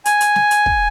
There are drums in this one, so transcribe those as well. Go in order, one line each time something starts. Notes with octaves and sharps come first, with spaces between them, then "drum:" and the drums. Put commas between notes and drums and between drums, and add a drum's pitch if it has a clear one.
G#5, drum: hi-hat
drum: hi-hat
drum: snare
drum: hi-hat
drum: kick